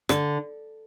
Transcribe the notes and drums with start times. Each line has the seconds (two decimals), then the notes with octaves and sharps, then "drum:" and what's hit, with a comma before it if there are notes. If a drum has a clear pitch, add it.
0.09 D3 D5, drum: rim click